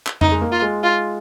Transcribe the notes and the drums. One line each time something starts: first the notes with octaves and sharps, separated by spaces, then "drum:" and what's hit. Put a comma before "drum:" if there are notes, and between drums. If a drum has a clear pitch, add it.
drum: clap
D#4, drum: tom F2
G#3
A#3
F4
G#3
F4